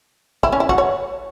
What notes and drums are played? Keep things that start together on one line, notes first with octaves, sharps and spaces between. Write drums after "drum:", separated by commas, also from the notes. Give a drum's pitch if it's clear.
E4, drum: kick
C#4
E4
F#4, drum: kick
C#5